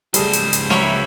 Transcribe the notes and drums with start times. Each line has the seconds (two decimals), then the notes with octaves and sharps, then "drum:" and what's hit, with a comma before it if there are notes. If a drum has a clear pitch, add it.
0.14 C#2 G3 A3 G#4 C5, drum: hi-hat
0.33 drum: hi-hat
0.53 drum: hi-hat
0.70 A#3 F#4 C#5 E5 G5 B5, drum: snare